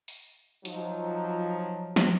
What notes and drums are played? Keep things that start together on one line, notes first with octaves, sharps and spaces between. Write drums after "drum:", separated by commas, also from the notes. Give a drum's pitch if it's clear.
drum: open hi-hat
F3 F#3 D#4, drum: hi-hat
drum: snare